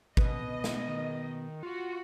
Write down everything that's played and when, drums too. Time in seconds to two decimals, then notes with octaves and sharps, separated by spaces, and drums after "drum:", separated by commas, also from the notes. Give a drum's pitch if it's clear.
0.17 B2 B3 D#5, drum: kick
0.64 drum: snare
0.87 D#3
1.63 F4 F#4